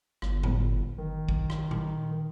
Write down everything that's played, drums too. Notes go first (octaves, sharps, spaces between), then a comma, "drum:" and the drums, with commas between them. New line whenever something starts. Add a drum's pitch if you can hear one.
G1, drum: rim click
drum: tom A2
D#3
drum: kick
drum: rim click
drum: tom A#2